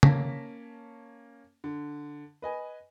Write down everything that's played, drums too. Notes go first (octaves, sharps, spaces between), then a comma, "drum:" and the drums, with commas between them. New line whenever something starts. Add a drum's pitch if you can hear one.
A#3 C#4 A5 A#6 B6, drum: tom
D3
B4 D#5 G#5